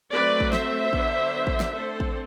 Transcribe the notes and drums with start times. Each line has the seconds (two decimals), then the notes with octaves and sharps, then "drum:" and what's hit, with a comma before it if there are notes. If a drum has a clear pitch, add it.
0.13 F#3 A3 C4 B4 D5
0.40 drum: kick A1
0.53 C5 E5, drum: snare
0.93 D3 F#3 B3 D4, drum: kick A1
1.47 drum: kick A1
1.60 drum: snare
1.73 D3 A3 C4 A4 C5
2.00 drum: kick A1